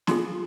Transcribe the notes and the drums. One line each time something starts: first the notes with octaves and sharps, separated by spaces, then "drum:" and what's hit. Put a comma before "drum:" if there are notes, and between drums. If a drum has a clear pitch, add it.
D4 F4 G#4 C6, drum: snare